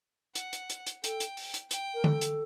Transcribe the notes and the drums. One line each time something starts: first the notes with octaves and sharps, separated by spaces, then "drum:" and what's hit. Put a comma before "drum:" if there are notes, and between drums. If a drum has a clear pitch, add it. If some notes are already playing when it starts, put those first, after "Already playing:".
F#5, drum: hi-hat
drum: hi-hat
drum: hi-hat
drum: hi-hat
A4 G5, drum: hi-hat
drum: hi-hat
drum: open hi-hat
drum: hi-hat
G5, drum: hi-hat
A#4
A4, drum: tom D3
drum: hi-hat